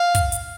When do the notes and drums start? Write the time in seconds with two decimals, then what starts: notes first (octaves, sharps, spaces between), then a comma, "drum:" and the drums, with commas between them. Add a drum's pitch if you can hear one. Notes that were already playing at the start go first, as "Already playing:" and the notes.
Already playing: F5
0.15 drum: kick, hi-hat
0.32 drum: hi-hat